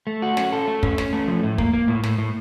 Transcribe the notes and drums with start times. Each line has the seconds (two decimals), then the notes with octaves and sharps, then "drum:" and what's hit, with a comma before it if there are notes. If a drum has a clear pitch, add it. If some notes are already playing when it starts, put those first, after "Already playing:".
0.07 A3
0.22 F#4
0.37 C#4, drum: snare
0.52 A4
0.68 A3
0.83 C#4, drum: kick
0.98 C#4, drum: snare
1.13 A3
1.28 F3
1.43 A2
1.58 A#3, drum: kick
1.73 A#3
1.88 A2
2.03 A2, drum: snare
2.18 A2